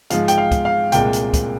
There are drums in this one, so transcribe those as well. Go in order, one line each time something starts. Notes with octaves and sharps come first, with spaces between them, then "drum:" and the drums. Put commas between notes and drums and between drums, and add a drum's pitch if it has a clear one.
G#2 F3 G#3 F5, drum: hi-hat
G5, drum: hi-hat
F5
drum: kick, hi-hat
F5
C2 A#2 G#3 G5, drum: hi-hat
drum: hi-hat
drum: kick, hi-hat